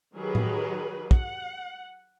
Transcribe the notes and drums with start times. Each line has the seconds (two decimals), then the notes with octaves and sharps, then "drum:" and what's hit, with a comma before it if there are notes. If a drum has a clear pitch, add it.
0.15 D#3 F#3 G4 G#4 A#4 B4
0.35 drum: tom A2
1.11 F#5, drum: kick